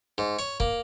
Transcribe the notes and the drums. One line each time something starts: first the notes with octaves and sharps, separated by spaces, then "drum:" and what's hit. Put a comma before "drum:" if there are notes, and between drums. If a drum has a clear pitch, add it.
G#2
C#5
A#3, drum: kick